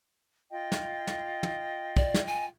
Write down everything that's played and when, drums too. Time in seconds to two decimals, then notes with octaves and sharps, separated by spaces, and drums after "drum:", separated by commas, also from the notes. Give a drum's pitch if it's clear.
0.50 F4 D#5 G5
0.72 drum: snare
1.07 drum: snare
1.43 drum: tom
1.97 D5, drum: kick
2.14 drum: snare
2.27 G#5